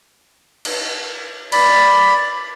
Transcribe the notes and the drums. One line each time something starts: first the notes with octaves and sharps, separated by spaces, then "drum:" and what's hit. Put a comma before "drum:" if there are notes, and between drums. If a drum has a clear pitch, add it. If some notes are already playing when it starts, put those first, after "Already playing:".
drum: cymbal
D5 B5, drum: cymbal